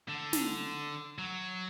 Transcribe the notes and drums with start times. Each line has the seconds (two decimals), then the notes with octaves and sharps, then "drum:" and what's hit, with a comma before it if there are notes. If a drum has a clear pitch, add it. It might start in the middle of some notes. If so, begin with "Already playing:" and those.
0.08 D3
0.33 drum: snare
1.18 F#3